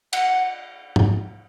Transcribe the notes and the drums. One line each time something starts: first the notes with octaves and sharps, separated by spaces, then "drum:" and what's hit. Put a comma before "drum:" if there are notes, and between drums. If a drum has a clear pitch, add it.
F#5, drum: cymbal
drum: tom